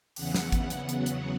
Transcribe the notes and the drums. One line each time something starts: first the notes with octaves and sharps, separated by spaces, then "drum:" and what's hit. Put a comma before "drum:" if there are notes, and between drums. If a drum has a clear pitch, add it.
E2 C#3 E3 B3 F#5, drum: open hi-hat
drum: snare
drum: kick G#1, hi-hat
drum: hi-hat
E2 C#3 F#3 B3, drum: hi-hat
drum: hi-hat